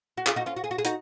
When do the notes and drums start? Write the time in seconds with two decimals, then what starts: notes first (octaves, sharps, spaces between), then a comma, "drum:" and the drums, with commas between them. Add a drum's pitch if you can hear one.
0.17 F#4
0.27 F4 G#4, drum: clap
0.36 D#4 F#4
0.46 C#4 F4
0.56 F#4
0.64 G#4
0.71 F#4
0.78 G#4
0.85 D#4 F#4, drum: hi-hat